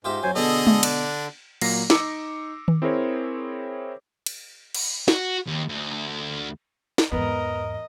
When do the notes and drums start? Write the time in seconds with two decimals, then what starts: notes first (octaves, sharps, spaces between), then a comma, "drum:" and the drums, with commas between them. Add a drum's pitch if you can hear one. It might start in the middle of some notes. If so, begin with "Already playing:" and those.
0.05 G#2 F4 G4 E5
0.23 F#2 F#3 C5 G#5
0.36 B2 D3 G#4 A4 D#5
0.67 drum: tom G#3
0.83 D4, drum: cymbal
1.61 A#2 F#3 A#3 A#6 C7, drum: cymbal
1.90 D#4 D6 E6 C#7, drum: snare
2.68 drum: tom D#3
2.82 C4 E4 G#4 A#4 C5 C#5
4.26 drum: cymbal
4.75 drum: cymbal
5.08 F#4, drum: snare
5.47 D#2
5.69 D2
6.98 drum: snare
7.12 E2 G#2 B3 A#4 D#5